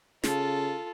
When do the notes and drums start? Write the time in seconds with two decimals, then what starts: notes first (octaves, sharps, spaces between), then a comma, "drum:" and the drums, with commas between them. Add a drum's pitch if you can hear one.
0.24 C#3 F4 A4, drum: snare